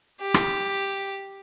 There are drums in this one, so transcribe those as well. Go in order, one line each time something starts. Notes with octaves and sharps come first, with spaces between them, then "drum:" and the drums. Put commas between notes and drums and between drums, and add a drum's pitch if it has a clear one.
G4
drum: rim click